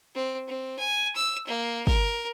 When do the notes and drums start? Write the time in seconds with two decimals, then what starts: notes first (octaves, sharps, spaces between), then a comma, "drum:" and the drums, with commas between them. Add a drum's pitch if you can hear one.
0.15 C4
0.48 C4
0.79 G#5
1.16 E6
1.47 A#3
1.87 A#4, drum: kick